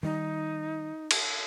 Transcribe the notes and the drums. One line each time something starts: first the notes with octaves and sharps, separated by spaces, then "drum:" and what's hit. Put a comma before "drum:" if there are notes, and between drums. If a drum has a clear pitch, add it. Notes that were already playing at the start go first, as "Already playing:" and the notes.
D#3 G3 D#4
drum: cymbal